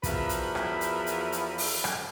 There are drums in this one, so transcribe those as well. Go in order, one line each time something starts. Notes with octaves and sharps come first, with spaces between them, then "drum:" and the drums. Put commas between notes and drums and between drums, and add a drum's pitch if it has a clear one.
E2 F3 F#4 A#4 B4 E5, drum: kick, hi-hat
drum: hi-hat
drum: rim click
drum: hi-hat
drum: hi-hat
drum: hi-hat
drum: open hi-hat
drum: rim click